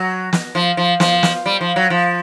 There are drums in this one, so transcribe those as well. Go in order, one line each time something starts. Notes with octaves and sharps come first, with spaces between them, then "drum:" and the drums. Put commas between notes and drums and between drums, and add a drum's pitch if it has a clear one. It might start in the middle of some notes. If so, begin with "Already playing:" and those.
Already playing: F#3
drum: snare
F3
F3
F3, drum: snare
drum: snare
G3
F3
F#3
F3